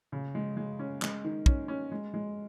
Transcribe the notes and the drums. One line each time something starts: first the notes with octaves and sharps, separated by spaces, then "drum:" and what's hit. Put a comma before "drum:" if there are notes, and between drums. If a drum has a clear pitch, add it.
C#3
G#3
G#3
C#4
G#3, drum: clap
D#3
C#4, drum: kick
C#4
G#3
G#3